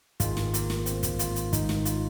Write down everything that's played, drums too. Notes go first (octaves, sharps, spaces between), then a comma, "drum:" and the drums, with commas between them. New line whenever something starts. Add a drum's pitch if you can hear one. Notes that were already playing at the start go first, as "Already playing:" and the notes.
G#1 G#2 D#3 G#3 F4, drum: kick, hi-hat
drum: snare
A#3, drum: hi-hat
drum: snare
C4, drum: hi-hat
drum: kick, hi-hat
F4, drum: hi-hat
drum: hi-hat
G#1 G#2 D#3 D#4, drum: kick, hi-hat
drum: snare
F4, drum: hi-hat